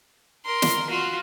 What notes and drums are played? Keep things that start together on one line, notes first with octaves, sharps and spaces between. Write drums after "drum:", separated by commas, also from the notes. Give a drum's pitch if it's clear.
A#4 C6
drum: snare
F4 F#4